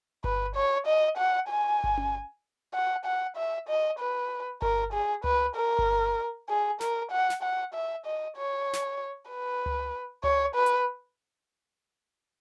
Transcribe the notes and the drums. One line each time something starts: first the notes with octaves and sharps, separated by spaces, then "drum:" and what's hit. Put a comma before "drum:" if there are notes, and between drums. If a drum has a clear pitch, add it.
B4, drum: kick G1
C#5
D#5
F#5
G#5
drum: kick G1
drum: tom C#4
F#5
F#5
E5
D#5
B4
A#4, drum: kick G1
G#4
B4, drum: tom C#2
A#4
drum: kick G1
G#4
A#4, drum: snare
F#5
drum: snare
F#5
E5
D#5
C#5
drum: snare
B4
drum: tom C#2
C#5, drum: tom C#2
B4
drum: hi-hat